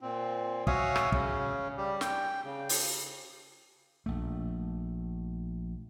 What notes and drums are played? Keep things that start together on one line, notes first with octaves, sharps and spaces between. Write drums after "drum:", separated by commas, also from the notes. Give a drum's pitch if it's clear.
A#2 C4
F#4 C#5 E5 F5 G#5 D#6, drum: kick
drum: rim click
C#3 C#4, drum: kick
G3 G4
G5, drum: snare
C#3
drum: open hi-hat
A#1 A3